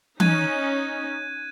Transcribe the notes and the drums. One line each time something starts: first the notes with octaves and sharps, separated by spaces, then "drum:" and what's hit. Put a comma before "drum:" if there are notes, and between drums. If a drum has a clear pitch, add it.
C#4 D#4 F#6 G#6 D#7, drum: tom E3